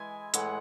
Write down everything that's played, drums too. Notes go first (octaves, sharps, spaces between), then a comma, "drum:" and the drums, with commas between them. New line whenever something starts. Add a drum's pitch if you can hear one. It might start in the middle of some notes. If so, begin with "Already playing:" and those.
Already playing: E3 G#3 E5 G#5
A2 E3 G#3 F#5, drum: hi-hat